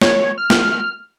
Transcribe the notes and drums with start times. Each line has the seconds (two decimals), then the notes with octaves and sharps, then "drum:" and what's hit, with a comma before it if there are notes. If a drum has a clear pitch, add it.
0.01 C#5, drum: snare
0.38 F6
0.50 drum: snare